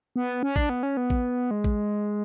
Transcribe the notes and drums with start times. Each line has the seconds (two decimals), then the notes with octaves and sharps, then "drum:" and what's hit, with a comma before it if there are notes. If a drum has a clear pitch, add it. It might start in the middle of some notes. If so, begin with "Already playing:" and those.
0.16 B3
0.43 C#4
0.56 D4, drum: kick A1
0.70 B3
0.83 C#4
0.97 B3
1.10 drum: kick A1
1.51 G#3
1.64 drum: kick A1